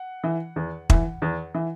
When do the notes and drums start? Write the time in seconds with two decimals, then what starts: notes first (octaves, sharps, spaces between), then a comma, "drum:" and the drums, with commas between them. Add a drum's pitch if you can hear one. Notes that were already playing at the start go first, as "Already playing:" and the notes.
Already playing: F#5
0.24 E3
0.56 E2
0.90 E3, drum: kick
1.22 E2
1.54 E3